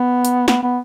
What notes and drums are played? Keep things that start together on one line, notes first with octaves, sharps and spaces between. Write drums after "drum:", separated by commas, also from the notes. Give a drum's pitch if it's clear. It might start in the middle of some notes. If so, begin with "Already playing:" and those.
Already playing: B3
drum: hi-hat
B3, drum: snare
B3